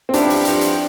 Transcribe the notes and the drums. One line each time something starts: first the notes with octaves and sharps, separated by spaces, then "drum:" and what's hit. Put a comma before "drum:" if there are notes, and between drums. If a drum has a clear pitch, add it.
C4
G2 F3 B3 D4 E4 G4, drum: hi-hat
drum: open hi-hat
G2 F3 B3 E4 G4, drum: hi-hat
drum: hi-hat